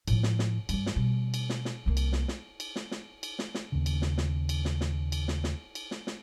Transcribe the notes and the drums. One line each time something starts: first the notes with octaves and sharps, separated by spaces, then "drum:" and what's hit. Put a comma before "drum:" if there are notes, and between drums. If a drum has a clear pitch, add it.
A2 F3, drum: cymbal
drum: snare
drum: snare
G2 D#3, drum: cymbal
drum: snare
B2 G3
drum: cymbal
drum: snare
drum: snare
C2 A#3
drum: cymbal
drum: snare
drum: snare
drum: cymbal
drum: snare
drum: snare
drum: cymbal
drum: snare
drum: snare
D#2 C#3
drum: cymbal
drum: snare
drum: snare
drum: cymbal
drum: snare
drum: snare
drum: cymbal
drum: snare
drum: snare
drum: cymbal
drum: snare
drum: snare